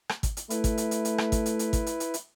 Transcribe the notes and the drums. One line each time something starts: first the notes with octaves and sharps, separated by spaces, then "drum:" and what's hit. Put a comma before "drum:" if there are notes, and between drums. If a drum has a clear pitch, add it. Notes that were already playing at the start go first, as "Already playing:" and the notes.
drum: rim click
drum: kick, hi-hat
drum: hi-hat
A3 E4 B4, drum: hi-hat
drum: kick, hi-hat
drum: hi-hat
drum: hi-hat
drum: hi-hat
drum: rim click
drum: kick, hi-hat
drum: hi-hat
drum: hi-hat
drum: kick, hi-hat
drum: hi-hat
drum: hi-hat
drum: hi-hat